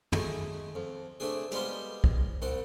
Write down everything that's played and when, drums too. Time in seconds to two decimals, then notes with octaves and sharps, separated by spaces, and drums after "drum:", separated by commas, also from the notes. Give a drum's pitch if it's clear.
0.12 G#3 A3, drum: tom
0.75 F2
1.20 A3 C4 D4 G#4
1.51 G3 G#3 B3 F4 C5, drum: hi-hat
2.04 drum: kick
2.42 C2 C4 F#5